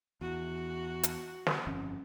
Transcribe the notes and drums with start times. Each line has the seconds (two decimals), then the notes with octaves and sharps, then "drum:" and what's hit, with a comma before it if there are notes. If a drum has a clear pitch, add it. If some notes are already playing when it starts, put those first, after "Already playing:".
0.21 E2 F#4
1.03 drum: hi-hat
1.47 drum: snare
1.67 G1 F2 C#4